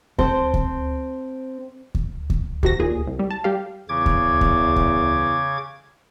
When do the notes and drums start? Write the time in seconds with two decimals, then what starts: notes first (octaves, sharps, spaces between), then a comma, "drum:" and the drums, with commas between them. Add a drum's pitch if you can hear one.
0.18 C4 A4 C5, drum: kick D2
0.54 drum: kick D2
1.95 drum: kick D2
2.30 drum: kick D2
2.63 C3 F#4 A#6, drum: kick D2
2.79 D#2 A#2 G#4
3.07 C2
3.19 G3
3.30 A5
3.44 G3 G4 F5
3.89 E2 C#3 D6 G#6
4.06 drum: kick D2
4.41 drum: kick D2
4.76 drum: kick D2